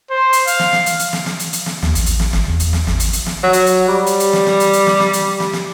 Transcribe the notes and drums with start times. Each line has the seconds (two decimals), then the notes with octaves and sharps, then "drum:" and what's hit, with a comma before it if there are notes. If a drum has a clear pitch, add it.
0.10 C5
0.33 drum: hi-hat
0.47 F5, drum: hi-hat
0.59 drum: snare
0.73 drum: snare
0.86 drum: hi-hat
0.99 drum: hi-hat
1.13 drum: snare
1.26 drum: snare
1.39 drum: hi-hat
1.53 drum: hi-hat
1.66 drum: snare
1.82 D#2, drum: snare
1.95 A1, drum: hi-hat
2.06 drum: hi-hat
2.20 drum: snare
2.33 G1, drum: snare
2.48 E2
2.60 drum: hi-hat
2.73 drum: snare
2.87 G#1, drum: snare
3.00 drum: hi-hat
3.13 drum: hi-hat
3.26 drum: snare
3.43 F#3
3.53 drum: hi-hat
3.66 drum: hi-hat
3.88 G3
4.06 drum: hi-hat
4.20 drum: hi-hat
4.33 drum: snare
4.47 drum: snare
4.60 drum: hi-hat
4.73 drum: hi-hat
4.87 drum: snare
5.00 drum: snare
5.13 drum: hi-hat
5.40 drum: snare
5.53 drum: snare